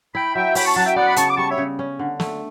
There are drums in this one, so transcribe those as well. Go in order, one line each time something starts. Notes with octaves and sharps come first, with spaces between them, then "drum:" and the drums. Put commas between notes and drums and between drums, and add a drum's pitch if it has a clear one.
E4 G5 B5
F#3 E5 G5
C#4 G5 B5, drum: open hi-hat
A5 C#6
F#3 F#5 A5
E5 G5
B3 D5 F#5
B5
C#3 A5 C#6, drum: hi-hat
D6
G3 A5 C#6
C#5 E5
C#3
C#4
D3
A3, drum: snare